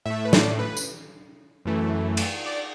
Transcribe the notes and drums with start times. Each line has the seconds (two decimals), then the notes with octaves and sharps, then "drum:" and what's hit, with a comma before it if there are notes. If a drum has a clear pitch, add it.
0.06 A2 A3 E5
0.25 B4
0.33 D5, drum: snare
0.59 B4
0.77 drum: tambourine
1.65 F#2 E3 A3
2.17 drum: cymbal
2.46 D5